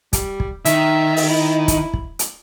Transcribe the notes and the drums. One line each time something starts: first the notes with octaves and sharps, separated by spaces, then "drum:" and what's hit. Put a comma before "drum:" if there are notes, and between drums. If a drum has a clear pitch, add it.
G3, drum: kick, hi-hat
drum: kick
D#3 E5, drum: hi-hat
drum: open hi-hat
E4
drum: kick, hi-hat
drum: kick
drum: hi-hat